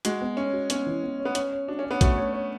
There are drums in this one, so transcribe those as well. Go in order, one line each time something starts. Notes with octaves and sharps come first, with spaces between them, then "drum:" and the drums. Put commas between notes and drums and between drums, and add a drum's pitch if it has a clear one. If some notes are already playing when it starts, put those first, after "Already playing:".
G#3 F#4, drum: hi-hat
B3
C#4 C#5
F#4
B3 C#4, drum: hi-hat
E3
B3
C#5
B3
C#4 C#5, drum: hi-hat
C#5
D4 F#4
C#4
C#5
B3
A3 F#4, drum: kick A#1, hi-hat
C#5
C#5